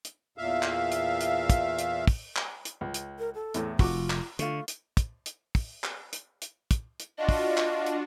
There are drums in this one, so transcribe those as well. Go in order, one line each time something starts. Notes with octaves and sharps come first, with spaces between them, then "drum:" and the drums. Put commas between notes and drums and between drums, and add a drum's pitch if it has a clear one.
drum: hi-hat
E2 A#2 E5 F5
drum: clap
drum: hi-hat
drum: hi-hat
drum: kick, hi-hat
drum: hi-hat
drum: kick, open hi-hat
drum: clap
drum: hi-hat
C#2
drum: hi-hat
A#4
A4
E2 A2, drum: hi-hat
F1 F4 F#4 C#6 D6, drum: kick, open hi-hat
drum: clap
D3 A3 F4 C#6, drum: hi-hat
drum: hi-hat
drum: kick, hi-hat
drum: hi-hat
drum: kick, open hi-hat
drum: clap
drum: hi-hat
drum: hi-hat
drum: kick, hi-hat
drum: hi-hat
D4 F4 F#4 D#5
drum: kick, open hi-hat
drum: clap
drum: hi-hat